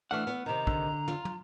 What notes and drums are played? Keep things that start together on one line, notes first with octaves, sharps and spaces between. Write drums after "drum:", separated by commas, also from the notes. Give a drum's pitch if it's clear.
E3 A3 D4 F#5 F6
B3
C3 D#3 A#5
D3, drum: kick
F4, drum: snare
drum: tom